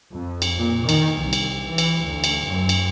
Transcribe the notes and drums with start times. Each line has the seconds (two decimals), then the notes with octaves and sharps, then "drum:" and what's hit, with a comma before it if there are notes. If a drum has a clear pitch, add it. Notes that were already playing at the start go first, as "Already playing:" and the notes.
0.12 F2
0.42 drum: cymbal
0.57 A#2
0.89 D#3, drum: cymbal
1.20 C2
1.33 drum: cymbal
1.69 E3
1.78 drum: cymbal
2.03 D2
2.24 drum: cymbal
2.46 F#2
2.69 drum: cymbal